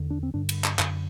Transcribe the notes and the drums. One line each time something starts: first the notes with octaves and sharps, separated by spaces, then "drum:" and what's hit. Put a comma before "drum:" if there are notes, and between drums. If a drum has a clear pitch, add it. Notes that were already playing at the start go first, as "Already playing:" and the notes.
Already playing: E2 D3
D4
C4
G2 D3 D4
drum: cymbal
drum: clap
F#2 D3, drum: clap